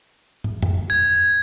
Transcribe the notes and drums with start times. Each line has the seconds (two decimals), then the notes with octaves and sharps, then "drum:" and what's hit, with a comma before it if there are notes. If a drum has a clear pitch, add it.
0.44 drum: tom
0.62 drum: tom
0.90 G#6